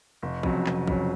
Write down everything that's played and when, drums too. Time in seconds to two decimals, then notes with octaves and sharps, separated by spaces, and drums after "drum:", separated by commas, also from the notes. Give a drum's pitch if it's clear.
0.22 F1
0.43 F2 C#3 F#3, drum: kick
0.66 F1, drum: clap
0.87 F2 C#3 F#3, drum: kick